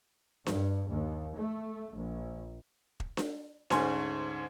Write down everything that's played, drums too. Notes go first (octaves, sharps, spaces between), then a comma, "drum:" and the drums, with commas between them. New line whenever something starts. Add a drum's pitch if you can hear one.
G2, drum: snare D4
D#2
A3
A#1
drum: kick E1
drum: snare D4
D2 G#2 C#4 G#5 C6, drum: snare D4